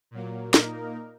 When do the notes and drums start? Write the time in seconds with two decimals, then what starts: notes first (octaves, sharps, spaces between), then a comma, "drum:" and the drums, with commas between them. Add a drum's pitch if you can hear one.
0.11 A#2 F#3 A#3
0.54 A#2 A#3 D#4 A#4, drum: snare